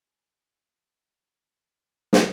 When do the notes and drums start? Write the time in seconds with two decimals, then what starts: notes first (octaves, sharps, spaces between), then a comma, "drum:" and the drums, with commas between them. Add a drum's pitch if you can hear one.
0.07 G4 G#5 A5 B5 D#6
2.13 drum: snare